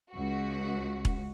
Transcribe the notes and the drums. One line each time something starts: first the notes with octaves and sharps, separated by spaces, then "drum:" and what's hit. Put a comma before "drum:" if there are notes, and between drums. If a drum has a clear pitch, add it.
C#2 F#4
drum: kick E1